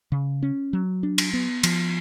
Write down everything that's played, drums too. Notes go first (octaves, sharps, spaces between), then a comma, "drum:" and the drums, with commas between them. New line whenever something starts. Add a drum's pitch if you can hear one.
C#3
C#4
F#3
D4
drum: cymbal
B3
F3, drum: cymbal